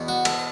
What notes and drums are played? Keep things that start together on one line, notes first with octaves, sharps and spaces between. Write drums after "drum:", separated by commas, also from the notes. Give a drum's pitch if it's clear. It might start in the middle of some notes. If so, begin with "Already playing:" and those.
Already playing: E2 B2
F#4
A4, drum: cymbal